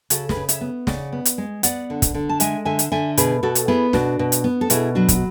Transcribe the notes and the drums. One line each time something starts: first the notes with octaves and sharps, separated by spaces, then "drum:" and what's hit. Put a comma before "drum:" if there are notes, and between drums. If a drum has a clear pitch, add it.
C#3 F#4 A4, drum: hi-hat
G#4 B4, drum: snare
C#3
C#5 E5, drum: hi-hat
B3
C#3 D5 F#5, drum: snare
B3
drum: hi-hat
G#3
B3 D5 F#5, drum: hi-hat
D3
drum: kick, hi-hat
D3
A5
G#3 E5 G#5, drum: hi-hat
D3 E5 G#5
drum: hi-hat
D3 E5 G#5
B2 G#4 B4, drum: hi-hat
B2 F#4 A4
drum: hi-hat
B3 E4 G#4
B2 D4 F#4, drum: snare
B2
drum: hi-hat
B3
A4
B2 E4 G#4, drum: hi-hat
F#3 D4 F#4
drum: kick, hi-hat